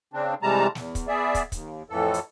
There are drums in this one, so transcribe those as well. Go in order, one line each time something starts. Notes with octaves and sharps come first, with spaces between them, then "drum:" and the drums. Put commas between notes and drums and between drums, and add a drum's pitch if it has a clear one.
C#3 C4 D4
C3 E3 G3 G#3 A5 A#5
E2, drum: snare
drum: kick, hi-hat
B3 G#4 D5 E5
drum: kick, hi-hat
D#2, drum: kick, hi-hat
F2 A2 E3 A4
drum: hi-hat